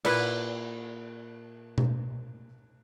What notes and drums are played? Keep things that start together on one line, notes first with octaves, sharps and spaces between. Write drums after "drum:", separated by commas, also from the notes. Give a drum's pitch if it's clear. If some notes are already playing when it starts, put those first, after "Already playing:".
A#2 E4 B4, drum: cymbal
drum: tom B2